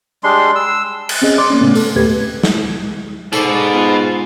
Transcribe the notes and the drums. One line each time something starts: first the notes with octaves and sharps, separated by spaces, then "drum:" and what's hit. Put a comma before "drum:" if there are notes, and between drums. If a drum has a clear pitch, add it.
G3 G#3 D4 C6
E6
drum: cymbal
C4 C#4 G#4 D#5
D5 C6 D6
A#3 C#4
A2 C#3 A3 B3 C#4
A4, drum: open hi-hat
D2 A2 A3 G4 B4 G#6
drum: snare
G#2 B2 A4 D5, drum: tambourine
B3 F4